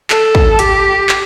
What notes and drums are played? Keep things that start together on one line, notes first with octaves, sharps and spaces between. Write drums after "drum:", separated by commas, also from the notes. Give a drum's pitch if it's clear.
A4, drum: clap
drum: kick
G4, drum: hi-hat
drum: clap